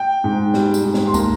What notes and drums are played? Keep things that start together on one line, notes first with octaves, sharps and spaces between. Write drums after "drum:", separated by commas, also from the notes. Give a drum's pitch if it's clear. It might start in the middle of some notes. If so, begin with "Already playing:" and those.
Already playing: G5
G#2
G3, drum: snare
drum: tambourine
G#2
drum: snare
C6
A#3 A#5, drum: kick, tambourine